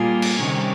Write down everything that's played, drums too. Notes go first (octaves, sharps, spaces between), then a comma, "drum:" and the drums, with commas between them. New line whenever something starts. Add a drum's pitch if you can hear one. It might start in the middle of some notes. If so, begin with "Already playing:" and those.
Already playing: A#2 G3 A#3 F4 G#4
drum: cymbal
C3 D#3 G3 C#4